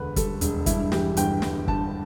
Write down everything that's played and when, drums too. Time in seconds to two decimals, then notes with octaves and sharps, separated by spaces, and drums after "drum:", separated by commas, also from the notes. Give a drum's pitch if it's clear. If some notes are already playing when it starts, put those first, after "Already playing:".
Already playing: E1 D2 D3 B4 B5
0.16 G3 A4, drum: kick, hi-hat
0.41 E1, drum: hi-hat
0.66 G2 E4, drum: kick, hi-hat
0.92 E3 G4, drum: snare
1.17 G1 G5, drum: hi-hat
1.42 G1, drum: snare
1.68 G2 A5, drum: kick